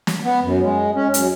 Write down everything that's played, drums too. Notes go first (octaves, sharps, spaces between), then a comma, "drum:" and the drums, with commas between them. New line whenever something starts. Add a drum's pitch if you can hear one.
drum: snare
B3
F#2
G#3
C#4
F#2, drum: hi-hat